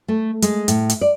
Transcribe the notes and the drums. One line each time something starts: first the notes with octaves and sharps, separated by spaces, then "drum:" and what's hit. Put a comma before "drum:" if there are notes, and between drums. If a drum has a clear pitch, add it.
A3
G#3, drum: hi-hat
A2, drum: hi-hat
drum: hi-hat
D5